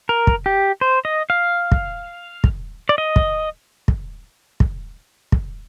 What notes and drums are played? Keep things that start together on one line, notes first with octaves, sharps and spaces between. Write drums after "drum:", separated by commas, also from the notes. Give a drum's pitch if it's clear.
A#4
drum: kick
G4
C5
D#5
F5
drum: kick
drum: kick
D5
D#5
drum: kick
drum: kick
drum: kick
drum: kick